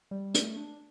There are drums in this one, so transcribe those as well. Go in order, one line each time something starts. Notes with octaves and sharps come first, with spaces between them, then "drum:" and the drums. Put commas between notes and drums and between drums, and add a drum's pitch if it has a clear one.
G3
A3, drum: hi-hat
D4